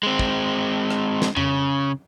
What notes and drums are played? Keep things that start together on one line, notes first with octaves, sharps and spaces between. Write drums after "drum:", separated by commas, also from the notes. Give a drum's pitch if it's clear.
G#3 C4
drum: kick
drum: rim click
drum: snare
C#3, drum: tom F2